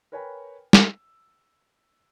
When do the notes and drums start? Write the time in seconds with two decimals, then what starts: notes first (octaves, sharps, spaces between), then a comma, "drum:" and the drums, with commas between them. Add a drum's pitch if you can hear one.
0.12 A#4 B4 C#5 G5 G#5 B5
0.73 E6, drum: snare